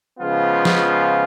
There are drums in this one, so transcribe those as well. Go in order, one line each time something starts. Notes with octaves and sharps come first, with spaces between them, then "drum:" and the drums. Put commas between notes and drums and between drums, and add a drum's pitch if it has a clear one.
C#3 F3 G#3 B3 F4
drum: snare